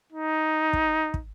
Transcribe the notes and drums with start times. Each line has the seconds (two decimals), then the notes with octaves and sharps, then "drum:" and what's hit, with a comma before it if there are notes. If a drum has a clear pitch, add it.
0.12 D#4
0.73 drum: kick
1.14 drum: kick